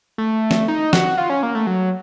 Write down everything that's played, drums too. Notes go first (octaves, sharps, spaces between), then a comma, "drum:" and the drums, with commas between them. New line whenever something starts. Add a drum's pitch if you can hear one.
A3
drum: snare
D#4
F#4, drum: snare
F4
C#4
A#3
A3
F#3